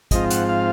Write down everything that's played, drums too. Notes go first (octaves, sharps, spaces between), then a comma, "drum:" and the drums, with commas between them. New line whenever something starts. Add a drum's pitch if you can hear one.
G#2 F3 C4 F4 D#5, drum: kick, hi-hat
F#5, drum: hi-hat
F5